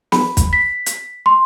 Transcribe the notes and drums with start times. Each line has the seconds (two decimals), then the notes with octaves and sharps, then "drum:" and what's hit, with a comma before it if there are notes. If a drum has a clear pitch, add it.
0.12 B5, drum: snare
0.37 drum: kick, hi-hat
0.53 B6
0.86 drum: hi-hat
1.26 C6